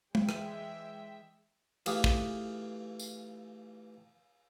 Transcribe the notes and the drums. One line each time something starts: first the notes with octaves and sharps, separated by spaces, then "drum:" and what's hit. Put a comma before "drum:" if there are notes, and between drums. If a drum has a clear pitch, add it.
E3 G#3 E5 G5, drum: tom G#3
drum: rim click
E3 A3 F4 G4 G#4 B4, drum: cymbal
drum: kick
drum: tambourine